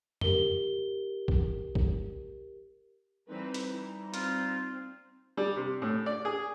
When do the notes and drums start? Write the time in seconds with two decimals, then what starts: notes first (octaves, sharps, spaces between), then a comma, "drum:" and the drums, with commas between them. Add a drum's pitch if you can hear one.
0.21 G4 A#4 G7, drum: tom
1.28 drum: kick
1.75 drum: kick
3.29 E3 G3 C4 D#4 B4
3.54 drum: hi-hat
3.70 E3
4.14 C4 F4, drum: hi-hat
5.37 G3
5.56 C3
5.82 A2
6.06 D5
6.25 G#4